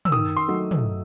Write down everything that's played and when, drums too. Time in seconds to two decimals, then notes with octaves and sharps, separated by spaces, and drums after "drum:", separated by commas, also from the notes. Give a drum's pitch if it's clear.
0.05 E6, drum: tom
0.12 D#3 D#6
0.37 C6
0.48 F#3 A3 D#4 F#4
0.71 drum: tom